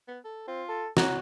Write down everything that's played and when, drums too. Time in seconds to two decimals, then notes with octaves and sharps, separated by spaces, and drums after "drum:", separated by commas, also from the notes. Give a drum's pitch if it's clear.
0.08 B3
0.24 A4
0.47 C4 F4
0.69 A4
0.97 C#4 F#4 A#5, drum: snare